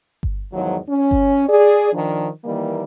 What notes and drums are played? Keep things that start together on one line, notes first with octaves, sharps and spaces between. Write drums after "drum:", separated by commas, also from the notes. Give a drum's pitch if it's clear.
drum: kick G1
E2 G#2 D#3 F3 F#3
C#4
drum: kick G1
G#4 D5
D#3 F3 D4
D#3 E3 G3 A#3